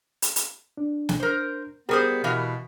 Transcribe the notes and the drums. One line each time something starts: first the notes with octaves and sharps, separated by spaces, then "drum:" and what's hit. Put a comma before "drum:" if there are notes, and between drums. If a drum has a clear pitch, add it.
drum: hi-hat
drum: hi-hat
D4
drum: snare
A#4 C5
G3 B3 G4 G#4 A#4 C5
B2 E3 B3 F5